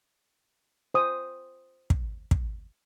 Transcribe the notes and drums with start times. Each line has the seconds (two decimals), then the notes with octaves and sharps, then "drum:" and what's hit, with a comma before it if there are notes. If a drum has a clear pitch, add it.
0.94 C5 D#6
1.90 drum: kick
2.31 drum: kick